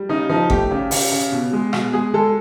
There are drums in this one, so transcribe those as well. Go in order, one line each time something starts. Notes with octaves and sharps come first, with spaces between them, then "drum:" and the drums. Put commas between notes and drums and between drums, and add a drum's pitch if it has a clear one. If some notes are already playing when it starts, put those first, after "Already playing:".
Already playing: G3
C#3 D#4
F3 D#4
A3 G4, drum: kick G1
C#3 G4
C#3, drum: open hi-hat
C#3
B2
G#3
B2, drum: rim click
G#3 G#4
G#3 A4